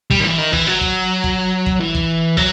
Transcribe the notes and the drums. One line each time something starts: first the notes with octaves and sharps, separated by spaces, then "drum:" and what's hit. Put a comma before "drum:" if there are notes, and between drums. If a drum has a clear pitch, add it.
G3, drum: kick
D#3
E3
D#3
E3, drum: kick
F#3
drum: kick
drum: kick
drum: kick
E3
drum: kick
F#3, drum: kick